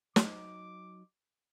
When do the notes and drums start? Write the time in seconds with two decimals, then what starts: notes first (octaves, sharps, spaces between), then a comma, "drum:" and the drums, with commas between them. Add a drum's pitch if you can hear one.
0.16 F#3 D#4 D6, drum: snare